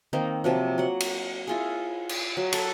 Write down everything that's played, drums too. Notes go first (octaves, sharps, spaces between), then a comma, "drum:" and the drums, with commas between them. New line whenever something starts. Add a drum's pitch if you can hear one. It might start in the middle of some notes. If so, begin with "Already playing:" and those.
D#3 A#3 C4 D#4
C3 F3 F#3
F#3 F#5
drum: cymbal
E4 F4 G#4
drum: cymbal
F#3
A4, drum: cymbal